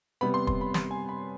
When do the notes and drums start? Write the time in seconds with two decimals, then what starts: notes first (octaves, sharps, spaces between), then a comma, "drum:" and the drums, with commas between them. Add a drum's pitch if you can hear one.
0.21 C3 G3 B3 B5
0.34 C6
0.47 C6, drum: kick
0.61 B5
0.74 C6, drum: snare
0.91 G#5
1.09 B5